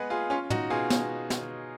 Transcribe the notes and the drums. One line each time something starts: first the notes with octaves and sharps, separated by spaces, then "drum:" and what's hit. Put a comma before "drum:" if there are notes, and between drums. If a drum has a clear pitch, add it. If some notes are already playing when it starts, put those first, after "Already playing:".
Already playing: G#3 B3 G#4 B4 D#5 F#5
F4 G#4
C#4 F4
D#4 F#4, drum: tom
B2 F4 G#4
drum: snare
drum: snare